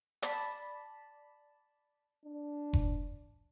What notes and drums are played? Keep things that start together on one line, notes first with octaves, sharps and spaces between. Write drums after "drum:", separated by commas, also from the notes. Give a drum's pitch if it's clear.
D5 A5 B5, drum: hi-hat
D4
drum: kick F1